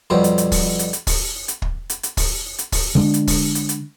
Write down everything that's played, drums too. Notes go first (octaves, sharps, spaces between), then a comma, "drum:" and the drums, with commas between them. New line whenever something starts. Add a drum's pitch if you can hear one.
F2 B2 G3 C5 C#5
drum: hi-hat
drum: hi-hat
drum: kick, open hi-hat
drum: hi-hat
drum: hi-hat
drum: kick, open hi-hat
drum: hi-hat
drum: kick
drum: hi-hat
drum: hi-hat
drum: kick, open hi-hat
drum: hi-hat
drum: kick, open hi-hat
D3 G#3 D4
drum: hi-hat
drum: kick, open hi-hat
drum: hi-hat
drum: hi-hat